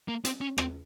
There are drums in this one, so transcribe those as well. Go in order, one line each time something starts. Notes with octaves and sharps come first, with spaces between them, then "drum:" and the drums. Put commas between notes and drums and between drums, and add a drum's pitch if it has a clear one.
A#3
C4, drum: hi-hat
C#4
C4, drum: rim click